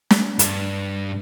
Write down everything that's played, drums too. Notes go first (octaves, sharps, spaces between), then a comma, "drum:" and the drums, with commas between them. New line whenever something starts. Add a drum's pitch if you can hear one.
drum: snare
G2, drum: hi-hat